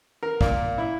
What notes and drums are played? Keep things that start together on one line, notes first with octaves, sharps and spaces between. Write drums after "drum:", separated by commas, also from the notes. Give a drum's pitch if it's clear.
A#4
A#2, drum: kick
E4